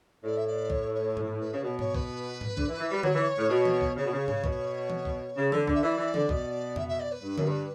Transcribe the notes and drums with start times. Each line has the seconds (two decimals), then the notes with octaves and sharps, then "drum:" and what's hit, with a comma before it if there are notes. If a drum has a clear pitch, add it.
0.24 A2 D5
0.36 E5
0.47 D5
0.70 C#5, drum: kick B1
0.94 C#5
1.17 drum: tom G#2
1.40 B4
1.54 C#3
1.63 B2 C#5
1.79 C#5, drum: tom G#2
1.94 B4, drum: kick B1
2.41 drum: tom G#2
2.57 D3, drum: kick B1
2.68 E3
2.80 E3
2.92 G3
3.03 F#3 C#5, drum: tom D3
3.15 E3
3.38 A2
3.50 B2
3.65 drum: tom E3
3.81 drum: kick B1
3.97 C#3 C#5
4.05 B2
4.12 C#3
4.28 C#3, drum: tom G#2
4.44 B2, drum: kick B1
4.90 drum: tom E3
5.05 drum: kick B1
5.36 C#3
5.52 D3, drum: tom E3
5.67 D3, drum: kick B1
5.74 E5
5.83 E3 D5
5.98 E3
6.14 D3, drum: tom E3
6.29 B2, drum: kick B1
6.76 E5, drum: tom F2
6.88 E5
6.99 D5
7.11 B4
7.23 G2
7.38 F#2, drum: tom D3
7.46 G2